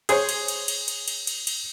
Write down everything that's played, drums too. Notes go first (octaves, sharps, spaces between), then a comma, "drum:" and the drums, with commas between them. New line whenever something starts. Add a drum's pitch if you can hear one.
G#4 C5 C#5, drum: cymbal
drum: cymbal
drum: cymbal
drum: cymbal
drum: cymbal
drum: cymbal
drum: cymbal
drum: cymbal